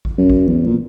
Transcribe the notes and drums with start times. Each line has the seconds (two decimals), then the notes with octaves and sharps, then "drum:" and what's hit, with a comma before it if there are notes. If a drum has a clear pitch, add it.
0.05 drum: kick G#1
0.18 F#2
0.30 drum: kick G#1
0.48 E2
0.67 A#2